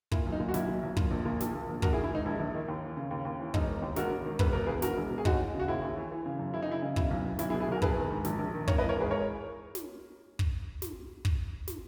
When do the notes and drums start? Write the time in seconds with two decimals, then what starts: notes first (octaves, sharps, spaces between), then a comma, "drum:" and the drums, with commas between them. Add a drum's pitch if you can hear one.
0.12 A#2 E4, drum: kick
0.26 B1
0.32 D#4
0.40 A#2
0.49 F#4
0.54 B1 E4, drum: snare
0.68 A#2
0.83 B1
0.97 A#2, drum: kick
1.11 A#1
1.25 A#2
1.41 A#1, drum: snare
1.54 A#2
1.69 A#1
1.82 A#1 F#4 A#4, drum: kick
1.93 E4 G#4
1.97 D#3
2.04 E4
2.11 G#2 D#4
2.25 A#1 E4
2.40 A#1
2.54 D#3
2.68 D#2
2.83 E3
2.97 C#3
3.11 D#2
3.25 D#2
3.40 E3
3.54 E1 D#4, drum: kick
3.69 D#3
3.82 D#2
3.96 E1 F#4 A#4, drum: snare
4.11 E1
4.25 D#3
4.39 E1 B4, drum: kick
4.53 B2 A#4
4.67 E2 G#4 B4
4.82 E1 F#4 A#4, drum: snare
4.97 E1
5.11 B2
5.18 G#4
5.25 D#2 D#4 F#4, drum: kick
5.40 E3
5.54 C#3
5.60 F#4
5.68 D#2 E4 G#4
5.82 D#2
5.97 E3
6.11 E3
6.26 C#3
6.39 F#2
6.53 F#1 E4
6.63 D#4
6.68 E3 E4
6.82 C#3
6.96 B2 E4, drum: kick
7.11 B1
7.25 B2
7.39 B1 E4, drum: snare
7.50 E4 G#4
7.54 B2
7.60 E4 G#4
7.68 B1 F#4 A#4
7.82 A#1 G#4 B4, drum: kick
7.97 D#3
8.11 G#2
8.25 A#1, drum: snare
8.39 A#1
8.54 D#3
8.68 G#1 A#4 C#5, drum: kick
8.78 B4 D#5
8.82 E3
8.89 A#4 C#5
8.96 G#2 G#4 B4
9.10 A#4 C#5
9.75 drum: snare
10.39 drum: kick
10.82 drum: snare
11.25 drum: kick
11.68 drum: snare